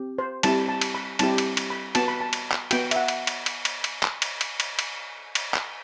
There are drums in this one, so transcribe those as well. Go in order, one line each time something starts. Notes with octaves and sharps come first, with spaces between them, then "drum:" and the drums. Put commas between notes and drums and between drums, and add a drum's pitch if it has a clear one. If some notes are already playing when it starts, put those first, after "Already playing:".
Already playing: C4 G4
C5
G3 C4 E4 G4 A5, drum: cymbal
A5
drum: cymbal
B5
G3 C4 E4 G4 A5, drum: cymbal
drum: cymbal
drum: cymbal
B5
B3 F#4 A5, drum: cymbal
B5
A5
drum: cymbal
drum: clap
B3 F#4 G5, drum: cymbal
E5, drum: cymbal
F#5
drum: cymbal
drum: cymbal
drum: cymbal
drum: cymbal
drum: cymbal
drum: clap
drum: cymbal
drum: cymbal
drum: cymbal
drum: cymbal
drum: cymbal
drum: clap